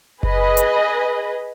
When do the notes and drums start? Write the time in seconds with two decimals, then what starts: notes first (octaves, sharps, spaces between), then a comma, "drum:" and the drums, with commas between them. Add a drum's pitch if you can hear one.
0.23 G#4 B4 D#5, drum: kick F#1
0.57 drum: hi-hat